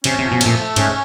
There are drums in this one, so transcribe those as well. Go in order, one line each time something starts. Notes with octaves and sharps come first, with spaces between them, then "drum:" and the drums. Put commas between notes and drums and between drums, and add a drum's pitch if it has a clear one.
C3 C#4, drum: cymbal
C3 F3
B2
A3, drum: cymbal
A#2
A3
G#2 C#4, drum: cymbal